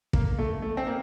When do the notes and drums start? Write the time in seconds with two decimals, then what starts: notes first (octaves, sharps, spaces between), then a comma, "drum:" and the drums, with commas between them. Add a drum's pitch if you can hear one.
0.13 A#3, drum: kick
0.39 A3
0.62 A3
0.77 C4
0.87 A#3